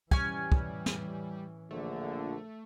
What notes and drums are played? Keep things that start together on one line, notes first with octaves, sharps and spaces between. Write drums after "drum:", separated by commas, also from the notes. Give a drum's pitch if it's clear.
A2 E3 G3 C#4 G#5, drum: kick
drum: kick
drum: snare
A#1 D3 A3